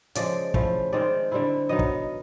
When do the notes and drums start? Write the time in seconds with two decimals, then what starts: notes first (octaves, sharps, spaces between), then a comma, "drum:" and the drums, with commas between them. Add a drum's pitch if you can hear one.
0.15 C#3 F3 G#3 D5, drum: hi-hat
0.54 F3 A3 C#4 E4, drum: kick
0.93 D#3 G#3 C4 D5
1.32 D3 G3 C4 E4
1.69 D#3 F#3 B3 D#4 D#5
1.79 drum: kick